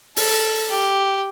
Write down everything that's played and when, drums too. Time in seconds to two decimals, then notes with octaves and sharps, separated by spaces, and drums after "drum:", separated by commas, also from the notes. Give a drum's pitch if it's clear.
0.16 A4, drum: open hi-hat
0.70 G4